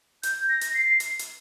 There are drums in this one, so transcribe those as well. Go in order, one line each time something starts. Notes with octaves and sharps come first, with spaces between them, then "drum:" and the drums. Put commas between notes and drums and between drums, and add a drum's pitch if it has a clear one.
G6, drum: hi-hat
A#6
drum: hi-hat
C7
drum: hi-hat
drum: hi-hat